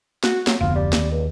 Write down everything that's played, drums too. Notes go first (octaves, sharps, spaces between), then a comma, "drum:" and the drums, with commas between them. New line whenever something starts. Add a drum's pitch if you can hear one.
F#4, drum: snare
F#3, drum: snare
F1 D2 B3 F4
G3
D#2, drum: snare
C#2